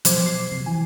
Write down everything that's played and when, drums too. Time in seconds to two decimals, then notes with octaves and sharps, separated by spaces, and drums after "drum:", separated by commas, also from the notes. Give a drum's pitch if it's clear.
0.05 B2 F3 F#3 C5 D6 G#6, drum: hi-hat
0.26 C7
0.52 C3
0.66 E3 G#5